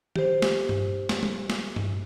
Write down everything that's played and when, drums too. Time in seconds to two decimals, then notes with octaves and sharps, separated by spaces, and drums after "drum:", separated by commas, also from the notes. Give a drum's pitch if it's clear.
0.16 G4 C5, drum: tom D#3
0.42 drum: snare
0.69 drum: tom G2
1.09 drum: snare
1.23 drum: tom G3
1.50 drum: snare
1.76 drum: tom G2